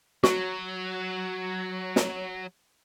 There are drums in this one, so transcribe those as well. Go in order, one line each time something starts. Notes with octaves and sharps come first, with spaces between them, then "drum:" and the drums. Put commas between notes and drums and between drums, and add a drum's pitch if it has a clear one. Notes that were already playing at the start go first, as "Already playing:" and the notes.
F#3 F#4, drum: snare
drum: snare